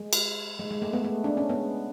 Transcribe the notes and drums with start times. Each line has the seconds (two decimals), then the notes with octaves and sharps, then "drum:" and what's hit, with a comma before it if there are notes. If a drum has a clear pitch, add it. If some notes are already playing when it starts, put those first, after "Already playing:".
Already playing: G#3
0.13 drum: cymbal
0.59 G#3
0.71 G#3
0.82 A3
0.93 G#3 B3
1.05 A3
1.24 D4
1.37 C#4
1.49 G#3 B3